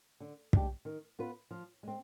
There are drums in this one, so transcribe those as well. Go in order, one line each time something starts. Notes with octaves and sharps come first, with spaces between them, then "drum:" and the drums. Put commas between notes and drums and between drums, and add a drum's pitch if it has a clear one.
D3
G#3 D4 G4, drum: kick
D#3
B3 F4 B4
F3
G#3 C4